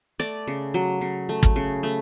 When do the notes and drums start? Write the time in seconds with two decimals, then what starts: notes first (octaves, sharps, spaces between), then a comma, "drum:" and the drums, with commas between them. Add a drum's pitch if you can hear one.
0.20 A3 D5
0.48 C#3
0.74 F#3
1.01 C#3
1.29 A3
1.43 drum: kick
1.56 C#3
1.83 A3